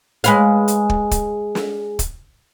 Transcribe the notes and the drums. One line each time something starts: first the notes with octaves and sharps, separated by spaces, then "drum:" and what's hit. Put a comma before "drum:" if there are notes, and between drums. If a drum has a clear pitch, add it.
G#3 B4 F5, drum: hi-hat
drum: hi-hat
drum: kick
drum: kick, hi-hat
drum: snare
drum: kick, hi-hat